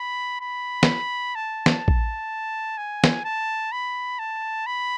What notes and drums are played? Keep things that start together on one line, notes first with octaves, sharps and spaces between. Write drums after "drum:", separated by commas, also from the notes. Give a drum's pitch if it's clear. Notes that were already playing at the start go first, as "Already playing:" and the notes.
Already playing: B5
B5
drum: snare
A5
drum: snare
drum: kick A1
G#5
drum: snare
A5
B5
A5
B5